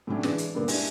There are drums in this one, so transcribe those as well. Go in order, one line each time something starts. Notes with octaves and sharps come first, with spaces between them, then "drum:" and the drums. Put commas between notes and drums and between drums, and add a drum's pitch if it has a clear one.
A2 C3 F#3 C#4 D4
E3 G#3 B3 D4, drum: snare
drum: hi-hat
G2 A#2 D3 A#3 B3
G#3 D4 E4 G4 G#4, drum: open hi-hat